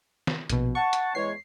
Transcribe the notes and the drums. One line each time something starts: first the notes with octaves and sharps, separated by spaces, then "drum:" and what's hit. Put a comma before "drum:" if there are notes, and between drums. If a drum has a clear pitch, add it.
drum: snare
A#1 B2, drum: hi-hat
F#5 A5 C#6
drum: hi-hat
E2 G#3 C#5 C7